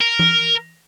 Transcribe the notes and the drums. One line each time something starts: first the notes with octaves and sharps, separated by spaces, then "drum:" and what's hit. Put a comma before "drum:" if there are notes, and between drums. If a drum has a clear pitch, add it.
A#4
drum: tom E3